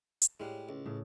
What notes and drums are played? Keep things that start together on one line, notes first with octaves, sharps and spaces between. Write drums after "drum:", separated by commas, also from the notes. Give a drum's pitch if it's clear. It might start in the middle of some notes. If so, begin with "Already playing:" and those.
drum: hi-hat
A2 G3 G#3 F5 F#5
C#2
A2 C#3